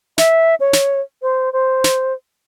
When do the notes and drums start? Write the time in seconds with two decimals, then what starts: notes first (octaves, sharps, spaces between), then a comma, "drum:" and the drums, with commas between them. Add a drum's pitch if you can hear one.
0.18 E5, drum: snare
0.60 C#5
0.73 drum: snare
1.22 C5
1.53 C5
1.84 drum: snare